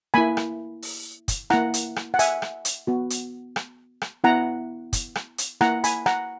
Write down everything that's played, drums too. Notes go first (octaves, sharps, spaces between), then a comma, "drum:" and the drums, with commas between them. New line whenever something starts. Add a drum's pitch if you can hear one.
A#3 E4 G#5 B5
drum: rim click
drum: open hi-hat
drum: kick, hi-hat
A#3 E4 F#5 A#5, drum: rim click
drum: hi-hat
drum: rim click
F#5
E5 G#5, drum: hi-hat
drum: rim click
drum: hi-hat
B3 F#4
drum: hi-hat
drum: rim click
drum: rim click
B3 E4 F#5 A#5
drum: kick, hi-hat
drum: rim click
drum: hi-hat
A#3 E4 F#5 A#5, drum: rim click
G#5 B5, drum: hi-hat
F#5 A#5, drum: rim click